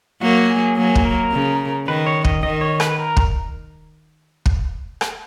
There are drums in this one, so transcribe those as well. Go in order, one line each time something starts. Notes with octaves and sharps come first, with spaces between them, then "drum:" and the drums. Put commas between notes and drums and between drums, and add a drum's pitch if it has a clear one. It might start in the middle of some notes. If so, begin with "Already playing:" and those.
F#3 A#3 F#4
G#4
F#3 A#3 G#4
drum: kick
A#4
C#3
D#3 B4
C#5
D#5, drum: kick
D#3 D#5
C#5
B4, drum: rim click
A#4
drum: kick
drum: kick
drum: rim click